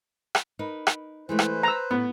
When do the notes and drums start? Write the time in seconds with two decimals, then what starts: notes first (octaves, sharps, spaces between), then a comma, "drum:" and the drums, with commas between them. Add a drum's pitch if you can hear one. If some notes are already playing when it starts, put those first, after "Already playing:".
0.35 drum: rim click
0.59 D#4 A#4 B4
0.87 drum: rim click
1.29 E3 G#3 A3 B4 C5
1.39 drum: rim click
1.63 A#5 E6
1.91 A2 B3